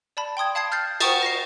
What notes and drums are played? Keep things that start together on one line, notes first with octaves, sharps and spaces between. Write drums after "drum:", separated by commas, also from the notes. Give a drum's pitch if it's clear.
D5 A5 B5
G5 C6 D#6 G#6
F5 A5 D#6 G#6 C7
F6 G6 A6 C7
C5 F#5 G5 C#6 D#6 A6, drum: cymbal
A#6 C7